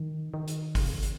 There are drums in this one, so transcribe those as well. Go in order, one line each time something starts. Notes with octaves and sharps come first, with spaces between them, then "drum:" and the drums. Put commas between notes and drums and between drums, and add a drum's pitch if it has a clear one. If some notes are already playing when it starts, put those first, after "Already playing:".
Already playing: D#3
D#3
drum: hi-hat
C3, drum: kick, open hi-hat
drum: hi-hat